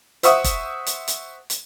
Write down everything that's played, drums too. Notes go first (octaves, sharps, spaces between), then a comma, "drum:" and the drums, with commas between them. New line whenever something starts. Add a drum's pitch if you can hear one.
C5 E5 F#5 C#6 D#6, drum: hi-hat
drum: kick, hi-hat
drum: hi-hat
drum: hi-hat
drum: hi-hat